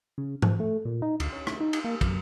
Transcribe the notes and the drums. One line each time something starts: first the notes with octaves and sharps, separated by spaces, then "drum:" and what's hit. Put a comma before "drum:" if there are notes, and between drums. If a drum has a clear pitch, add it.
C#3
F3, drum: tom G#2
A3
A#2
D#4
D2, drum: cymbal
C#4
drum: rim click
D#4
drum: cymbal
A#3
F#2, drum: kick, cymbal